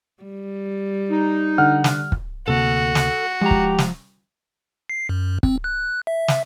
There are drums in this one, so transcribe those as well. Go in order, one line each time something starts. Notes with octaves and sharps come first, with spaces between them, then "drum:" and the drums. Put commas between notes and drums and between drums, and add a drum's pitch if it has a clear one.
G3
D#4
D3 F#5 F6
drum: snare
drum: kick
D2 C3 A#3 F#4 A4
drum: snare
F3 G#3 G4 A#5
drum: kick
drum: snare
C7
F#2
C4, drum: kick
F#6
E5
drum: snare